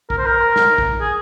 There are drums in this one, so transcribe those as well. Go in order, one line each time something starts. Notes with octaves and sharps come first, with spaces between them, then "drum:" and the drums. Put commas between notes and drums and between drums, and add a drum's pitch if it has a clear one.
A#4, drum: kick A#1
C5
A#4
drum: snare
drum: kick A#1
G#4